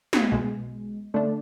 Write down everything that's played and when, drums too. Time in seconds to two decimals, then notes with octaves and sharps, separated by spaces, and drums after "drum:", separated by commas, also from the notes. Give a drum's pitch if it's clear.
0.13 drum: snare
0.32 B1 B2 G#3
1.14 D3 A3 D4